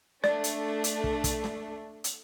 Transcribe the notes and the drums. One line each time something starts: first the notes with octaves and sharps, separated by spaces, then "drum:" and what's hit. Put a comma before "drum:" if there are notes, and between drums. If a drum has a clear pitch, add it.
A3 D4 D5, drum: snare
drum: hi-hat
drum: hi-hat
drum: kick
drum: kick, hi-hat
drum: snare
drum: hi-hat